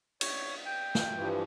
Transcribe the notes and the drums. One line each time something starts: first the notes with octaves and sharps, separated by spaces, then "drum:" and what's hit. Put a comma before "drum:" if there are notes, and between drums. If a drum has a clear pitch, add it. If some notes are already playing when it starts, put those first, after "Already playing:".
C#5, drum: cymbal
G5
drum: snare
G2 E3 F3